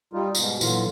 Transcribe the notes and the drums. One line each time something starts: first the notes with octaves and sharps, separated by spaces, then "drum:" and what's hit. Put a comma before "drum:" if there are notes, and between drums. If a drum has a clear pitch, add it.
G3 D#4 F4
G#2 B2, drum: tambourine
A#2 D3 E3 F#3 F4, drum: tambourine